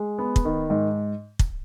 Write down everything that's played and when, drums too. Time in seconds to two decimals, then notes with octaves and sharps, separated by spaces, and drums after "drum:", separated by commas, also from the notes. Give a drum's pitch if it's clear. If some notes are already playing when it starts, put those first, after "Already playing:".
Already playing: G#3
0.19 B3
0.36 drum: kick
0.45 D#3
0.70 G#2
1.39 drum: kick